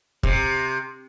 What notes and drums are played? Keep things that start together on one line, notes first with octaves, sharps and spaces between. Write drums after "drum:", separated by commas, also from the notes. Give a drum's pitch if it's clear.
C3, drum: kick